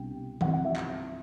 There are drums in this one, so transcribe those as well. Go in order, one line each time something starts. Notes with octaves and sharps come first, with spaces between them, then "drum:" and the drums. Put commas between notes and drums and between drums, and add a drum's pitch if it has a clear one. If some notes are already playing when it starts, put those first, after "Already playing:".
Already playing: C2 B2 G3 D4 G5
C2 C3 G3 F#5, drum: tom D#3
F#5
E5
drum: clap